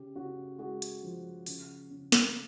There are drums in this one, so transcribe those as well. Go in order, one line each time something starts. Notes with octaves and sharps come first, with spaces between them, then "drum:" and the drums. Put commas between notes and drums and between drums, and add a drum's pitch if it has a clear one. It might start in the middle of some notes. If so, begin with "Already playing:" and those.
Already playing: C#3 G4
C#3 F#4
G#3 F#4 G#4
drum: hi-hat
F3
C#3, drum: open hi-hat
C#3
drum: snare